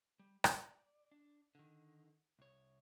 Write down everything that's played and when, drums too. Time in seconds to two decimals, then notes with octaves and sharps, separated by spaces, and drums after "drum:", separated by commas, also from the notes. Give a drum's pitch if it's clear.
0.19 G3
0.44 D5, drum: rim click
1.11 D4
1.55 D3 D#3
2.39 C2 C#5